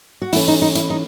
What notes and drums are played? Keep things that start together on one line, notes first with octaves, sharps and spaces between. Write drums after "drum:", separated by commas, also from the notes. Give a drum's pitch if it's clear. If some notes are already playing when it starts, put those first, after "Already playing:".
F#4
E3 A3 C#4 E4, drum: open hi-hat
D#4
D#4
E4, drum: hi-hat
D#4